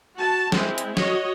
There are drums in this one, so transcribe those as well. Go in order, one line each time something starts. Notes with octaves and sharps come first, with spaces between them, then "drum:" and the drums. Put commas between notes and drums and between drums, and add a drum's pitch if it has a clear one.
F#4 A5
G#3 C4 E4, drum: snare
drum: hi-hat
F#4 C#5 D#5, drum: snare